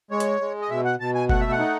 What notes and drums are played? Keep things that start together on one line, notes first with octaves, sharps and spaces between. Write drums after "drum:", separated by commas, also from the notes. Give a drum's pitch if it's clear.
G#3 C#5
drum: hi-hat
G#3
D#5
B2 E5
F#5
B2 A5
G#5
A3 F#5, drum: kick F#1
E5
F#5
D#4